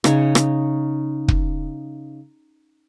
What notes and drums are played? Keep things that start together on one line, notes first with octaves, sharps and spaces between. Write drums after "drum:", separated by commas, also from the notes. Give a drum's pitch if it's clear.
C#3 D#4 C#5, drum: rim click
drum: rim click
drum: kick